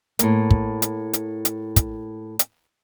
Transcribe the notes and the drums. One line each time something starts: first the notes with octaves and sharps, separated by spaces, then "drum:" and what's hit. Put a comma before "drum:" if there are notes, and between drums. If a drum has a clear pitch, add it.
A2 A#3, drum: hi-hat
drum: kick
drum: hi-hat
drum: hi-hat
drum: hi-hat
drum: kick, hi-hat
drum: hi-hat